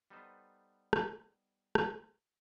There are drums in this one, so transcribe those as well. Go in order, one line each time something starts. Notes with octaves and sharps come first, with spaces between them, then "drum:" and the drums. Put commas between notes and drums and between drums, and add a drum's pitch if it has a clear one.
G3 B3 D#4 A4 B4 C5
drum: rim click
drum: rim click